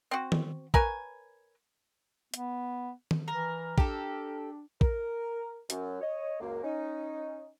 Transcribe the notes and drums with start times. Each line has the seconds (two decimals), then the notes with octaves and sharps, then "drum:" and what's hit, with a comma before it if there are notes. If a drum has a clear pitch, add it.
0.11 C4 F#4
0.32 drum: tom D#3
0.74 A#4 B4 C#5 G#5, drum: kick
2.34 B3, drum: hi-hat
3.11 drum: tom D#3
3.28 E3 A#4
3.78 D4 G4 A4, drum: kick
4.81 A#4, drum: kick
5.70 F#2, drum: hi-hat
6.01 C#5 D#5
6.40 C#2 F#2 A#3
6.63 C#4 D#4